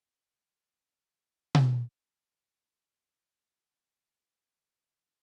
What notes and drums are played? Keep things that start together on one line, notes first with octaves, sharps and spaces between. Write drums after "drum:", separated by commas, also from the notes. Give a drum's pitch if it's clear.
B3
F4
drum: tom B2
C#6
B3
E5
E5
A5
G#5
G4
B5
A#4
E4
A#4